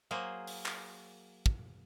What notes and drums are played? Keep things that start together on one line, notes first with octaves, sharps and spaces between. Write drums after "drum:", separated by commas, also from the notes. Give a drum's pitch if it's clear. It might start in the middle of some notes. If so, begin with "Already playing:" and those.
F#3 A#3 G#4 C5
drum: open hi-hat
drum: clap
drum: kick